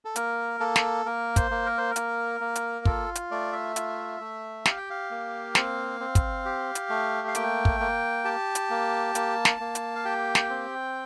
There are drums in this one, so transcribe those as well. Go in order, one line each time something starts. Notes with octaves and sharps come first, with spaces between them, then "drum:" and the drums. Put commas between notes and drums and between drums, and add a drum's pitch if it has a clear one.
A4
A#3 A#4, drum: hi-hat
A#3 A4
drum: snare
A#3 A#4
C5, drum: kick, hi-hat
A#3
A#4
C5
A#4
A#3, drum: hi-hat
A#3
drum: hi-hat
F4 A4, drum: kick
drum: hi-hat
A3 D5
E5
F4, drum: hi-hat
A3
G4 F5, drum: snare
G5
F5
A#3
C4, drum: snare
C4
drum: kick, hi-hat
G4
drum: hi-hat
A3
F5
A#3 G5, drum: hi-hat
drum: kick
A#3
G4 A5
drum: hi-hat
A#3
A#3, drum: hi-hat
drum: snare
A#3
drum: hi-hat
F5
G4 G5
drum: snare
C4